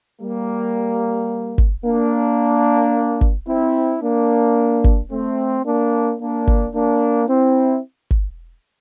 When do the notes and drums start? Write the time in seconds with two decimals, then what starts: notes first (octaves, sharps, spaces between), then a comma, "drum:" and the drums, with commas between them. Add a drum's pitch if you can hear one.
0.22 G3 A#3
1.58 drum: kick G1
1.85 A#3 D4
3.21 drum: kick G1
3.48 C4 E4
4.03 A#3 D4
4.84 drum: kick G1
5.11 A3 C4
5.66 A#3 D4
6.20 A#3 D4
6.47 drum: kick G1
6.75 A#3 D4
7.29 C4 E4
8.11 drum: kick G1